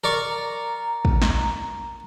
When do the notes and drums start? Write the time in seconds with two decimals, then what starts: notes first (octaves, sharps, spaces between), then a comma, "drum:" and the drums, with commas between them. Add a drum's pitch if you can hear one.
0.04 A#4 D5 C#6
0.29 A#5
1.05 drum: kick
1.22 drum: snare